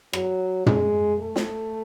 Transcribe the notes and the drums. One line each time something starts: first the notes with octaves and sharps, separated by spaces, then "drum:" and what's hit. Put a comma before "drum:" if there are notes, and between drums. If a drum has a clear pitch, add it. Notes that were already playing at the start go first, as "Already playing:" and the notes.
F#3, drum: rim click
G#3, drum: tom
A3
drum: snare